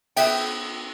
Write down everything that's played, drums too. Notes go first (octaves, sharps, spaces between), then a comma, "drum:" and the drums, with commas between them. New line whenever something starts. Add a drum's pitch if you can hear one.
B3 E5 G5, drum: cymbal